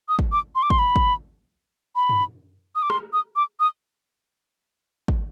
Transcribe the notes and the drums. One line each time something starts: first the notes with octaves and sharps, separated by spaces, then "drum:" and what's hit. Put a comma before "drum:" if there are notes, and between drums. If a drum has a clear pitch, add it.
D#6
drum: kick
D6
C6
D6
C6, drum: kick
B5
drum: kick
B5
drum: tom
D#6
D6
C6, drum: rim click
D#6
D6
D#6
drum: kick